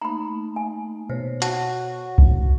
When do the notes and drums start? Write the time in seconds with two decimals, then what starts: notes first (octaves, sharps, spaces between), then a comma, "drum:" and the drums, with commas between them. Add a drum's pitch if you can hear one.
0.01 A3 A#3 D#4 A#5 B5
0.56 G#5
1.10 B2 C5 C#5
1.42 F#4 A5, drum: hi-hat
2.18 drum: kick C2